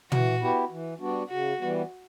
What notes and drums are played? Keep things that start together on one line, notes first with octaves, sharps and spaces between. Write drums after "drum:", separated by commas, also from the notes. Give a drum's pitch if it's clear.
E3 F#4, drum: tom
B3 E4 G4
E3
G3 B3 D4 F#4
C#3 F#4
E3 G3 B3